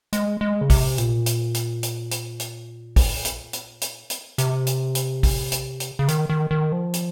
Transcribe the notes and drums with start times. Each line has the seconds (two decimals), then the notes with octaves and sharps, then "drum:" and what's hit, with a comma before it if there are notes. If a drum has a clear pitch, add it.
0.13 G#3, drum: hi-hat
0.41 G#3
0.61 C#3
0.70 C3, drum: kick, open hi-hat
0.98 A#2, drum: hi-hat
1.26 drum: hi-hat
1.55 drum: hi-hat
1.83 drum: hi-hat
2.11 drum: hi-hat
2.40 drum: hi-hat
2.96 drum: kick, open hi-hat
3.25 drum: hi-hat
3.53 drum: hi-hat
3.81 drum: hi-hat
4.10 drum: hi-hat
4.38 C3, drum: hi-hat
4.67 drum: hi-hat
4.95 drum: hi-hat
5.23 drum: kick, open hi-hat
5.52 drum: hi-hat
5.80 drum: hi-hat
5.99 C#3
6.08 D#3, drum: hi-hat
6.30 D#3
6.51 D#3
6.72 F3
6.94 drum: hi-hat